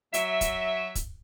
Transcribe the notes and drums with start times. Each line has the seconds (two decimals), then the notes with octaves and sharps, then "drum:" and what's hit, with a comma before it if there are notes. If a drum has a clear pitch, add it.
0.14 F#3 E5, drum: hi-hat
0.41 drum: kick, hi-hat
0.95 drum: kick, hi-hat